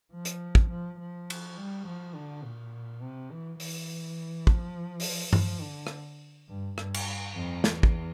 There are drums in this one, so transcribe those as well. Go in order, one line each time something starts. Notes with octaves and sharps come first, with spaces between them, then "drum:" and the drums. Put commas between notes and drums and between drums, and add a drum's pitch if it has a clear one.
F3
drum: hi-hat
drum: kick
F3
F3
drum: cymbal
G3
F3
D3
A#2
C3
E3
E3, drum: open hi-hat
F3, drum: kick
drum: open hi-hat
F3, drum: tom G2
D3
drum: rim click
G2
G2, drum: rim click
drum: cymbal
F2
E2, drum: snare
drum: kick